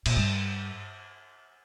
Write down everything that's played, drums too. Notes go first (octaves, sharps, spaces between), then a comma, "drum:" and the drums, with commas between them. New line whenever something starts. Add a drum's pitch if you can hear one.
A#2, drum: cymbal
G2